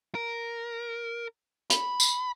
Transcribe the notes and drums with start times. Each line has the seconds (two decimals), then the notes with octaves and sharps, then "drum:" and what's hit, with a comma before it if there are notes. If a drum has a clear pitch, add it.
0.15 A#4
1.70 B5, drum: hi-hat
2.00 drum: tambourine